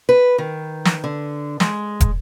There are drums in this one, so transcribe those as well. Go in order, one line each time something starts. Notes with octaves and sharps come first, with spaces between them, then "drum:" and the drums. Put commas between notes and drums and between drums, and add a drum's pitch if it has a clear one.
B4
D#3
drum: snare
D3
G#3, drum: snare
drum: kick, hi-hat